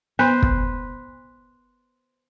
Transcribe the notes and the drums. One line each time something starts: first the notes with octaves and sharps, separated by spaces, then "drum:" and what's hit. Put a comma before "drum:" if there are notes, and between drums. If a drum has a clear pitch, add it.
B3 B4 C5
drum: kick